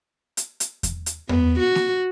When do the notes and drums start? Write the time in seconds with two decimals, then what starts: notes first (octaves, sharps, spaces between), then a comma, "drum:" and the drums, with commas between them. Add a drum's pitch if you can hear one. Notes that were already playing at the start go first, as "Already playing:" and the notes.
0.37 drum: hi-hat
0.60 drum: hi-hat
0.83 drum: kick E2, hi-hat
1.06 drum: hi-hat
1.29 B3, drum: tom E2
1.60 F#4
1.75 drum: snare A#3